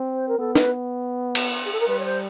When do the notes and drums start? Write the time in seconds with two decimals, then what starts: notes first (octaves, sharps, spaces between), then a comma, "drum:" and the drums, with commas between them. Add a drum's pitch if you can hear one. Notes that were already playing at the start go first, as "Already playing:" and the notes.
Already playing: C4
0.14 C5
0.28 A#4
0.39 B3 A4
0.55 B4, drum: snare
1.35 drum: cymbal
1.65 G#4
1.72 A4
1.80 A#4
1.88 G3 B4
1.99 C#5
2.05 C5